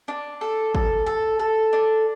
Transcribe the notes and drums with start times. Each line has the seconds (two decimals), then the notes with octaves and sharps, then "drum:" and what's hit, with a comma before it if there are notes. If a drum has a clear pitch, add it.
0.08 D4
0.41 A4
0.75 A4, drum: kick
1.06 A4
1.40 A4
1.73 D4